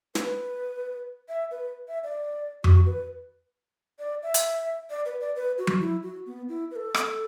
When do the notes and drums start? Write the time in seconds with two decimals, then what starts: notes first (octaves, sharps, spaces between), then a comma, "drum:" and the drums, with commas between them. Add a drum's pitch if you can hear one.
0.15 B4, drum: snare
1.29 E5
1.51 B4
1.88 E5
2.04 D5
2.64 F#4, drum: tom F2
2.86 B4
3.99 D5
4.23 E5
4.34 drum: hi-hat
4.90 D5
5.06 B4
5.21 D5
5.36 B4
5.58 F#4
5.67 drum: tom F#3
5.81 E4
6.03 F#4
6.26 B3
6.49 E4
6.71 B4
6.76 A4
6.94 drum: rim click